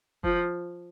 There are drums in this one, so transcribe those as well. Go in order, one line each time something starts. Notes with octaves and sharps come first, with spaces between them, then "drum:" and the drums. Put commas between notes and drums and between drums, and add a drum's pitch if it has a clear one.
F3, drum: kick